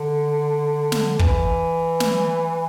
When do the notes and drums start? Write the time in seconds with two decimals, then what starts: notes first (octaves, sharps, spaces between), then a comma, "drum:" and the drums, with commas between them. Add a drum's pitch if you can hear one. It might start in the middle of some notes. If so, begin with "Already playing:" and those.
Already playing: D3
0.92 drum: snare
1.19 E3, drum: kick
2.00 drum: snare